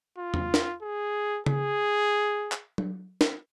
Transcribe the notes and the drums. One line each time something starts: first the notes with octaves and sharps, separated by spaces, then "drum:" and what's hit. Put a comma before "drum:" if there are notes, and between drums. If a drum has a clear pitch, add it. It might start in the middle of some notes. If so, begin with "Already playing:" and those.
F4
drum: tom
drum: snare
G#4
G#4, drum: tom C#3
drum: clap
drum: tom F#3
drum: snare